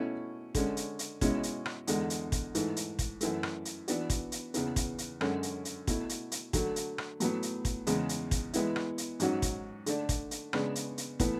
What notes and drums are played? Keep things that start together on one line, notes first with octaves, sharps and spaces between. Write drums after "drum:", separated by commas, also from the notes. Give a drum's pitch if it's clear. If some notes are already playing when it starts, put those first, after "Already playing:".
Already playing: B2 A3 C#4 E4
D3 G#3 C#4, drum: kick, hi-hat
drum: hi-hat
drum: hi-hat
B2 G#3 C#4 E4, drum: kick, hi-hat
drum: hi-hat
drum: rim click
E2 D3 G#3, drum: hi-hat
drum: hi-hat
drum: kick, hi-hat
G#2 E3 A3, drum: hi-hat
drum: hi-hat
drum: kick, hi-hat
F#2 E3 A3, drum: hi-hat
drum: rim click
drum: hi-hat
E3 B3 D4 F#4, drum: hi-hat
drum: kick, hi-hat
drum: hi-hat
E2 C#3 E3 B3, drum: hi-hat
drum: kick, hi-hat
drum: hi-hat
F#2 D3 G#3 C#4, drum: rim click
drum: hi-hat
drum: hi-hat
B2 A3 E4, drum: kick, hi-hat
drum: hi-hat
drum: hi-hat
D3 F#3 A3, drum: kick, hi-hat
drum: hi-hat
drum: rim click
A2 F#3 B3, drum: hi-hat
drum: hi-hat
drum: kick, hi-hat
E2 C#3 G#3, drum: hi-hat
drum: hi-hat
drum: kick, hi-hat
E3 G#3 B3 E4, drum: hi-hat
drum: rim click
drum: hi-hat
G#2 F#3 C#4 F#4, drum: hi-hat
drum: kick, hi-hat
D3 A3 D4, drum: hi-hat
drum: kick, hi-hat
drum: hi-hat
C#3 G#3 B3 D4, drum: rim click
drum: hi-hat
drum: hi-hat
A2 E3 B3, drum: kick, hi-hat